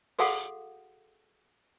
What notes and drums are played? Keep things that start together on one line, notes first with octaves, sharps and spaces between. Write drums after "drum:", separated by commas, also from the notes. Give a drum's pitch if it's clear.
F#4 G#4 A4 F5 F#5 D#6, drum: open hi-hat